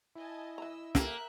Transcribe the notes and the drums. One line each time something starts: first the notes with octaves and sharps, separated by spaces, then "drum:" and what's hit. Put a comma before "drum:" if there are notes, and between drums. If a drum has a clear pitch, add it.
E4 D#5 G#5 A5
E3 D#5 A#5 E6
A#3 C#4 G4 A4 E5 G5 F#6, drum: snare